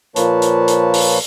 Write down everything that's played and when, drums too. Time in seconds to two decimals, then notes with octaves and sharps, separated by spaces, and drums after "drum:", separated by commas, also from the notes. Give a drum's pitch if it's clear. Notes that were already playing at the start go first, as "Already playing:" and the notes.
0.16 A#2 F3 A#3 B4 C#5 A5, drum: hi-hat
0.42 drum: hi-hat
0.68 drum: hi-hat
0.94 drum: open hi-hat